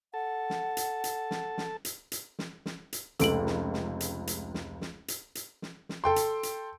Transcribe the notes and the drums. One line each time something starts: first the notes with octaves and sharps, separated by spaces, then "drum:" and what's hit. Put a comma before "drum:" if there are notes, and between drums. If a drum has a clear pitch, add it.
A4 F#5 A5
drum: snare
drum: hi-hat
drum: hi-hat
drum: snare
drum: snare
drum: hi-hat
drum: hi-hat
drum: snare
drum: snare
drum: hi-hat
F1 C#2 A4 D7 F#7, drum: hi-hat
drum: snare
drum: snare
drum: hi-hat
drum: hi-hat
drum: snare
drum: snare
drum: hi-hat
drum: hi-hat
drum: snare
drum: snare
A4 G5 C6
drum: hi-hat
drum: hi-hat